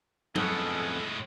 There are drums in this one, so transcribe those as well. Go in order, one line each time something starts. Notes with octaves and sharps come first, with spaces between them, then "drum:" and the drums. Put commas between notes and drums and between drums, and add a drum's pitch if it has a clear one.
F2 A2 G#3 B3 C#4 A4, drum: tom F#3